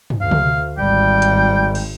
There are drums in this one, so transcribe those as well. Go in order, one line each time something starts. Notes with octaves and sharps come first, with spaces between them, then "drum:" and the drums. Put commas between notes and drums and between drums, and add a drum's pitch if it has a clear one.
drum: tom
D2 F5
drum: tom
G#1 G3 G5
drum: hi-hat
drum: cymbal